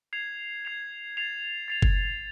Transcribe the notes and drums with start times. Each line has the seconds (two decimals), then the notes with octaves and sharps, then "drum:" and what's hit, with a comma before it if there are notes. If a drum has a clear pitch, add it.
0.13 G#6 C7 F7
0.65 G#6 C7 F7
1.17 A6 C7 F7
1.68 A6 C7 F7
1.82 drum: kick F#1